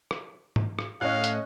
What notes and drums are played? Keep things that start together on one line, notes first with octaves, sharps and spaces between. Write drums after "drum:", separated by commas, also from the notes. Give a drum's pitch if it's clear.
drum: rim click
drum: tom G#2
drum: rim click
A2 C#4 D#5 F5 F#6
drum: hi-hat